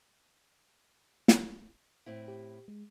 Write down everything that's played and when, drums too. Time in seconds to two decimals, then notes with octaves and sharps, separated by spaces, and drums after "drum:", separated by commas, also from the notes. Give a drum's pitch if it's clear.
1.28 drum: snare
2.06 A2 C4 E4
2.28 G4
2.68 G#3